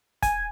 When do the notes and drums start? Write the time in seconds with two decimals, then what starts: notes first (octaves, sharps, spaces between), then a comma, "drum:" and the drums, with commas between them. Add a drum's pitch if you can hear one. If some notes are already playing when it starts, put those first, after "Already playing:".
0.23 G#5, drum: kick E1, hi-hat